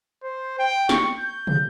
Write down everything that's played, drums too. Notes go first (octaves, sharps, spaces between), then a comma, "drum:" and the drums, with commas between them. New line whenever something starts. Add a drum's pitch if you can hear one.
C5
G5
C#6, drum: snare
G6
drum: tom